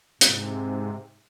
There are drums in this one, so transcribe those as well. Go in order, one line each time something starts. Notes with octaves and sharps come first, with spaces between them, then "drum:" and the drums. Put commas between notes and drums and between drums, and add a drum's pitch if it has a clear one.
G#2 C3, drum: hi-hat